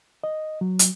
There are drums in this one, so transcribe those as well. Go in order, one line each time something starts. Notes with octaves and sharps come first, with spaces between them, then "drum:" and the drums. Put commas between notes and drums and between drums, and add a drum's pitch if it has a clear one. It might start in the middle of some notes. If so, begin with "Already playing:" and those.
D#5
F#3
drum: hi-hat